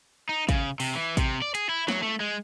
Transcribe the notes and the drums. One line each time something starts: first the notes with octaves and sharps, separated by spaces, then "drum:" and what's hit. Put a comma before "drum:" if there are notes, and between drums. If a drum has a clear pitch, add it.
D#4
C#3, drum: kick, hi-hat
C3, drum: open hi-hat
E3
C3, drum: kick, hi-hat
D5
G#4, drum: hi-hat
E4
F#3, drum: snare
A3
G#3